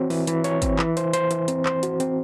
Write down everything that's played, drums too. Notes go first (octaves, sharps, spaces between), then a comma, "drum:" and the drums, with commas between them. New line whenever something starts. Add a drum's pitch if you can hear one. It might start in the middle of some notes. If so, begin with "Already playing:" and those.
Already playing: E3 C4 F#4 C#5
E3, drum: open hi-hat
E3, drum: hi-hat
C#5, drum: hi-hat
C4, drum: kick, hi-hat
E3, drum: clap
C5, drum: hi-hat
C5, drum: hi-hat
E3, drum: hi-hat
C4, drum: hi-hat
C5, drum: clap
F#4, drum: hi-hat
C4, drum: hi-hat